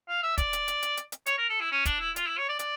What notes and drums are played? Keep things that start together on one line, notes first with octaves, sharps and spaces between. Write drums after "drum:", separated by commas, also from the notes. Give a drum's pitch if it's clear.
F5
E5
D5, drum: kick, hi-hat
drum: hi-hat
drum: hi-hat
drum: hi-hat
drum: hi-hat
drum: hi-hat
C#5, drum: hi-hat
A#4
A4
E4
C#4
D4, drum: kick, hi-hat
E4
F4, drum: hi-hat
E4
C#5
D5
D5, drum: hi-hat